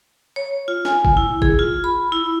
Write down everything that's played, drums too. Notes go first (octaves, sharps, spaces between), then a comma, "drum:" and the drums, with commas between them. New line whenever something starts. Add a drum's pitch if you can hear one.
C#5
F4
G#5, drum: snare
drum: kick G1
E4
G#4, drum: kick G1
F4
B5
E4